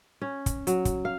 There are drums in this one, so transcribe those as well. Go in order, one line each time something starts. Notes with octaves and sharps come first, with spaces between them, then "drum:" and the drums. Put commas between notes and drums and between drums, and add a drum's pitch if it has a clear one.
C#4
drum: kick, hi-hat
F#3, drum: hi-hat
drum: kick, hi-hat
F5